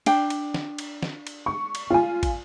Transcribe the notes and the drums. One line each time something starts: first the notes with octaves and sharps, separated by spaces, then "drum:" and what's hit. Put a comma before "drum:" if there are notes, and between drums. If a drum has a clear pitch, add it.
D4 G5, drum: cymbal
drum: cymbal
drum: snare
drum: cymbal
drum: snare
drum: cymbal
C#6
drum: cymbal
F4 G#5
drum: kick, cymbal